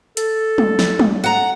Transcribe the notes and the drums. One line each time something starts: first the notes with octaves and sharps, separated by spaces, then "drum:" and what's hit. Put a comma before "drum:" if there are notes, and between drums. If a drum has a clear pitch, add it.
A4, drum: hi-hat
drum: tom
drum: snare
drum: tom
F#5 A#5